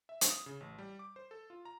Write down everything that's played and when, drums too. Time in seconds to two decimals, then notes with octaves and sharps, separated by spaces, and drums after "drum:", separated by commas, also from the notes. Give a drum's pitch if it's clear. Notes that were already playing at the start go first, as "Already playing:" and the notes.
0.09 E5
0.21 drum: hi-hat
0.30 D#6
0.46 C#3
0.61 A1
0.78 G3
0.99 D6
1.16 C5
1.31 A4
1.50 F4
1.65 A#5